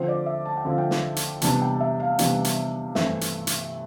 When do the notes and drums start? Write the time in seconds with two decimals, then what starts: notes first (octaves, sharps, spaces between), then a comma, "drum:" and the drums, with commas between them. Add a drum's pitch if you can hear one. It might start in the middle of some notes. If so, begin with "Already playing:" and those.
Already playing: D3 F3 C4 C5
0.08 D5
0.26 E5
0.45 A5
0.57 G5
0.65 D3 F3 C4 F5
0.78 G5
0.91 drum: snare
1.16 drum: hi-hat
1.41 C3 E3 G3 B3 D4 A5, drum: hi-hat
1.61 G5
1.80 E5
2.00 F5
2.19 C3 E3 G3 B3 D4, drum: hi-hat
2.44 drum: hi-hat
2.95 G2 E3 A3 C4 E5, drum: snare
3.21 drum: hi-hat
3.47 drum: hi-hat